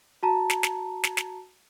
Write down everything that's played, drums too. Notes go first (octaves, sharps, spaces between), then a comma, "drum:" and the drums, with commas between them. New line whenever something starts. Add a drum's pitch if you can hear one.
F#4 A5 A#5
drum: snare
drum: snare
drum: snare
drum: snare